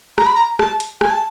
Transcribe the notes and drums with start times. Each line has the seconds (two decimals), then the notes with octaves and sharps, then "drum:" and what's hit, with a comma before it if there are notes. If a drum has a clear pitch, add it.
0.18 A#5, drum: rim click
0.26 B5
0.35 A#5
0.59 A5, drum: rim click
0.80 drum: hi-hat
1.01 G#5, drum: rim click
1.10 A5